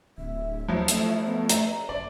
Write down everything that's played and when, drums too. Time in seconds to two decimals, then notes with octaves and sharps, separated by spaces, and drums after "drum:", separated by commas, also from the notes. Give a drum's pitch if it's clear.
0.18 D1 E5
0.68 D#2 F3 F#3 E4
0.88 A3, drum: hi-hat
1.25 B3
1.49 E5 A#5, drum: hi-hat
1.89 F#1 D5